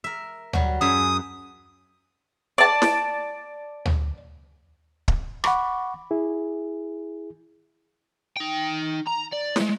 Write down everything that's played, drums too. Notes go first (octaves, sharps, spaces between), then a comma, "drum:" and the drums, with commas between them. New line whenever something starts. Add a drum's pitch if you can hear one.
A#4 E5
F#3 G3 F#4, drum: tom
F#2 G#4 E5 D#6
D5 A5
drum: snare
drum: tom
drum: kick
F#5 B5 C#6 D6, drum: rim click
E4 G#4
D#4 G5
A#5
D5
G#3 A3, drum: snare